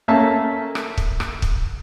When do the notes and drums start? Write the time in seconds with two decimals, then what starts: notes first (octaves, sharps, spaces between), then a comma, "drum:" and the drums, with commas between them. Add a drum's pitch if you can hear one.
0.08 A3 A#3 C#4 E5 A5
0.75 drum: rim click
0.98 drum: kick
1.20 drum: rim click
1.42 drum: kick